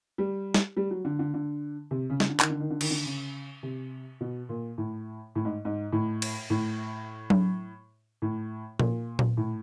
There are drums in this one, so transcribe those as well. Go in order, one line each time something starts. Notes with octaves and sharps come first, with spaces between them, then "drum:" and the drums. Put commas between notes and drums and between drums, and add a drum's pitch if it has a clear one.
G3
drum: snare
G3
F#3
D3
D3
D3
C3
C#3
drum: snare
D3
D#3, drum: clap
D3
D#3
D3
D#3, drum: cymbal
D3
C#3
C3
B2
A#2
A2
A2
G#2
G#2
A2
drum: cymbal
A2
drum: tom F#3
A2
A#2, drum: tom A#2
drum: tom A#2
A2